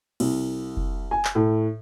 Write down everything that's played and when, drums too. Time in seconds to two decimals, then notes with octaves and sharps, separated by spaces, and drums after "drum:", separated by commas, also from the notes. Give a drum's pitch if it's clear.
0.20 C2, drum: cymbal
0.77 drum: kick F1
1.11 G#5
1.25 drum: clap
1.35 A2